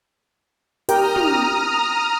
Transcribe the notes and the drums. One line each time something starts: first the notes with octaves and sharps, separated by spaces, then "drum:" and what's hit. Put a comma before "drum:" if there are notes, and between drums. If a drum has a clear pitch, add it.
G4 A#4 G5 A#5 D#6 F6, drum: hi-hat
drum: tom